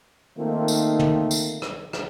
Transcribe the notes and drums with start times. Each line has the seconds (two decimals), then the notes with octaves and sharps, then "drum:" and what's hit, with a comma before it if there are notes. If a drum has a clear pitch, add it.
0.37 D#3 A3 A#3 C4 D#4 F4
0.68 drum: tambourine
0.99 drum: tom
1.31 drum: tambourine
1.62 drum: rim click
1.93 drum: rim click